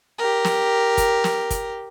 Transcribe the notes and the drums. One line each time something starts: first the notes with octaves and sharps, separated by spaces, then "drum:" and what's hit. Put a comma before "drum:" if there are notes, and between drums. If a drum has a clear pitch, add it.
G4 A#4
drum: snare
drum: kick, hi-hat
drum: snare
drum: kick, hi-hat